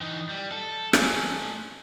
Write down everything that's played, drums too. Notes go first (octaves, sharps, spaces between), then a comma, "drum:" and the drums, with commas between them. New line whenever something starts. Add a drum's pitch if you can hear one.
E3 D#4
G3
A4
A3 G#5, drum: rim click